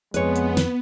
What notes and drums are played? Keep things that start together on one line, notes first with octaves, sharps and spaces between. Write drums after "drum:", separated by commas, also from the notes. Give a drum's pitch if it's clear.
F2 G#3 B3 B4 C#5, drum: hi-hat
drum: hi-hat
drum: snare